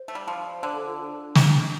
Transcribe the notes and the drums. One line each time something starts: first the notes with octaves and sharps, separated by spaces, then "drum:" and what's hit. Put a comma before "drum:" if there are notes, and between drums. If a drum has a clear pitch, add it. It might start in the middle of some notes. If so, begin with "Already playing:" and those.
Already playing: C5
A3
G3
F3
D3 C5
A4
F4
D4
drum: snare